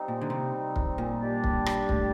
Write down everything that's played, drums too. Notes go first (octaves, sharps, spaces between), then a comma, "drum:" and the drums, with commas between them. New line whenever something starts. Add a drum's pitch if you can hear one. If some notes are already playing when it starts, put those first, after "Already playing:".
Already playing: G3 C4 D#4
A#2
D3
C3
drum: kick
A#2
G3 D4 G4 D5
drum: kick
drum: rim click
A2, drum: kick